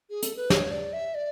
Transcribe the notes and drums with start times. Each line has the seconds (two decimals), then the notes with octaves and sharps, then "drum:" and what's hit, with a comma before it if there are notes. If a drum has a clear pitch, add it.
0.10 G#4
0.23 A4, drum: hi-hat
0.37 B4
0.50 C#5, drum: snare
0.71 D5
0.93 E5
1.15 D5